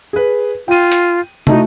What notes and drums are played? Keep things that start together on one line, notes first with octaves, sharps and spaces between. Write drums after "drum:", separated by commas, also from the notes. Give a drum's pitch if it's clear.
G#4 B4
F4 G5 D#7
drum: hi-hat
A3 D#4 E4 F#4, drum: tom